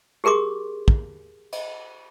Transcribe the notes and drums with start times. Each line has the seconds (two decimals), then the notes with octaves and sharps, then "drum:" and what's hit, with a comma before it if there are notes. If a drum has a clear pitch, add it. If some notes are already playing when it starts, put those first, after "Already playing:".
0.24 G4 G#4 A#4 C6 D6
0.88 drum: kick
1.52 drum: cymbal